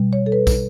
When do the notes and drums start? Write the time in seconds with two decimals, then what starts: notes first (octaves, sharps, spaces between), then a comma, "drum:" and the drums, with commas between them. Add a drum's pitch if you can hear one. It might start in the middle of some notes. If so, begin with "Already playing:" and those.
Already playing: B2 G3
0.13 C#5
0.26 A4
0.32 B4
0.47 drum: kick, tambourine